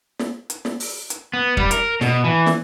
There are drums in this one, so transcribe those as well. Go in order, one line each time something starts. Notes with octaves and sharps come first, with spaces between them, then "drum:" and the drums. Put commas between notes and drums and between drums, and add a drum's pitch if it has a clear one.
drum: snare
drum: hi-hat
drum: snare
drum: open hi-hat
drum: hi-hat
B3
G3, drum: kick
A#4, drum: hi-hat
B2, drum: snare
E3
drum: snare